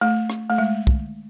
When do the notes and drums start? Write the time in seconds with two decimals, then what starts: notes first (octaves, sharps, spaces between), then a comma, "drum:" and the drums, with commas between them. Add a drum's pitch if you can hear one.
0.01 A3
0.30 drum: rim click
0.50 A3
0.58 G#3
0.87 drum: kick